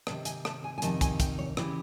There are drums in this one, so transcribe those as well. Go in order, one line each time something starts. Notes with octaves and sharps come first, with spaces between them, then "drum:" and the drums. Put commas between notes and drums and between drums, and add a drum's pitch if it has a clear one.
F2 C3 D#3 A5, drum: rim click
G#5, drum: hi-hat
A5, drum: rim click
G#5
G#5
F2 C3 D#3 A5, drum: hi-hat
G#5, drum: kick, hi-hat
G5, drum: kick, hi-hat
C#5
C#3 E3 G4, drum: rim click